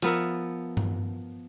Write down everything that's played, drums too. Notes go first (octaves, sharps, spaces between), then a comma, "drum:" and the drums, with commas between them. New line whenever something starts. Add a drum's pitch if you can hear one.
F3 B3 A#4 E5, drum: hi-hat
drum: tom G2